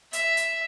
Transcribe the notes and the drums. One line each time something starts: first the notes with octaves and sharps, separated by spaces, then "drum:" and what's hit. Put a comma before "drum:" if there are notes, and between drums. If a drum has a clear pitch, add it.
E5, drum: hi-hat
drum: hi-hat